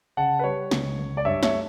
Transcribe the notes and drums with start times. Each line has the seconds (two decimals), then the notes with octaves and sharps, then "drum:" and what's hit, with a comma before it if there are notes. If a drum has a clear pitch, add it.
0.17 C#3 F#5 A5
0.39 B4
0.44 G3 C#5
0.71 C#2, drum: snare
0.99 C#2
1.17 D5
1.25 G2 C#5 E5
1.43 C#5 E5, drum: snare
1.52 A3